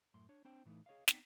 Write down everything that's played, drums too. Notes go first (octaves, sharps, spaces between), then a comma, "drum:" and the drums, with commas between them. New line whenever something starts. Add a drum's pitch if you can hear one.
F#2 A2 C6
D4 C#5
C4 D4 C5 G5
A2 E3 G#3 A3 D#4
G#4 C#5 D#5 F5
B3 C4 D#4 D5 F#5 G5, drum: snare